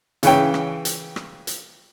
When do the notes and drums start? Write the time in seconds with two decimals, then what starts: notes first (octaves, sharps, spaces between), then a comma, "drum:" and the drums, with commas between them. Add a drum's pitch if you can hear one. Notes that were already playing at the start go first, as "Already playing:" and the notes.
0.23 C#3 E3 C#4 G5, drum: hi-hat
0.54 drum: rim click
0.85 drum: hi-hat
1.16 drum: rim click
1.47 drum: hi-hat